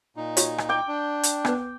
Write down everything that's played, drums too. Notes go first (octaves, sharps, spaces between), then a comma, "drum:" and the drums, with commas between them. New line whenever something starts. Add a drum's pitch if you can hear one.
A#2 D#4
F4 F#4 C#5, drum: hi-hat
drum: rim click
G5 D6
D4
drum: hi-hat
B3 B4, drum: rim click